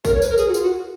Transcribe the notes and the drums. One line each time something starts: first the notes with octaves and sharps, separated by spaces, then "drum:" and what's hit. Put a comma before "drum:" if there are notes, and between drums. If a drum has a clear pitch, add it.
A#4, drum: kick A#1, tambourine
C#5
B4, drum: tambourine
A#4
G#4, drum: tambourine
F#4
F4, drum: tambourine
F#4